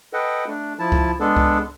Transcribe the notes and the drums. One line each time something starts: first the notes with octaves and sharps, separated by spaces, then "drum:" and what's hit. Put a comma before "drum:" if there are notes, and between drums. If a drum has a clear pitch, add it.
A4 B4 D#5 F#5 G5
A3 D4
F3 E4 A5
drum: kick C#2
G#3 B3 D4 A4
drum: kick C#2